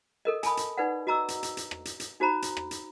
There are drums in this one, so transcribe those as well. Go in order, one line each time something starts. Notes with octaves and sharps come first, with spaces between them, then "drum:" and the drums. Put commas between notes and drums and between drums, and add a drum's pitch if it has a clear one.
A4 A#4 D#5
G#5 A5 B5 D#6, drum: hi-hat
drum: hi-hat
D#4 B4 D5 F#5
F#4 D#5 A#5 D6 E6
drum: hi-hat
drum: hi-hat
drum: hi-hat
drum: rim click
drum: hi-hat
drum: hi-hat
D#4 F#4 C5 A#5 B5
drum: hi-hat
drum: rim click
drum: hi-hat